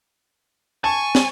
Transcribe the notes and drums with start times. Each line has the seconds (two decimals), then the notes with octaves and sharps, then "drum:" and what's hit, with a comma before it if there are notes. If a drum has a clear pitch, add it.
0.84 G#5 A5 C#6
1.15 drum: snare